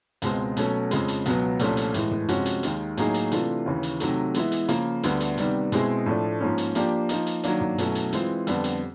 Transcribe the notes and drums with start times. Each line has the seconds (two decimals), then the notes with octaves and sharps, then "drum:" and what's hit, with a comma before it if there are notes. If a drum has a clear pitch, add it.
0.22 C#2 B2 G#3 C4, drum: hi-hat
0.57 B2 F#3 A3 C#4, drum: hi-hat
0.91 F2 C#3 F3 G#3, drum: hi-hat
1.08 drum: hi-hat
1.26 C#2 B2 F#3 B3, drum: hi-hat
1.59 C2 A#2 F3 A3 C#4, drum: hi-hat
1.77 drum: hi-hat
1.94 A2 E3 G#3, drum: hi-hat
2.11 drum: tom
2.29 C3 F3 G#3 C#4 F#4, drum: hi-hat
2.46 drum: hi-hat
2.63 D#2 D#3 G#3, drum: hi-hat
2.97 A2 F#3 A#3 D#4 G#4, drum: hi-hat
3.14 drum: hi-hat
3.32 C3 E3 A3 D4 F4, drum: hi-hat
3.66 D#2 C#3 E3
3.83 drum: hi-hat
4.00 C3 D#3 F#3 A3, drum: hi-hat
4.34 E3 G#3 B3 E4, drum: hi-hat
4.52 drum: hi-hat
4.68 C#3 F3 A#3, drum: hi-hat
5.03 D2 D3 G3 B3, drum: hi-hat
5.20 drum: hi-hat
5.38 C3 D#3 G3 B3, drum: hi-hat
5.72 B2 G#3 C4 E4 G#4, drum: hi-hat
6.06 A2 F3 A3 D4
6.40 G#2 F3 A#3 C#4
6.58 drum: hi-hat
6.75 F3 A#3 D4 G4, drum: hi-hat
7.09 F3 A#3 D#4, drum: hi-hat
7.27 drum: hi-hat
7.44 D#3 F#3 A#3 D4, drum: hi-hat
7.61 drum: tom
7.78 B2 F#3 A3 C#4 E4, drum: hi-hat
7.95 drum: hi-hat
8.13 E3 G#3 C4 F4, drum: hi-hat
8.47 F2 D3 G3 B3, drum: hi-hat
8.64 drum: hi-hat